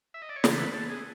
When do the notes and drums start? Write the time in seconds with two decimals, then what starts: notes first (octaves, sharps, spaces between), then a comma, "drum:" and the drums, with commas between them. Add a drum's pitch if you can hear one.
0.14 E5
0.22 D#5
0.29 D5
0.36 C#5
0.44 C#3 E3 A3 C5, drum: snare
0.59 B4
0.74 A4
0.89 G#4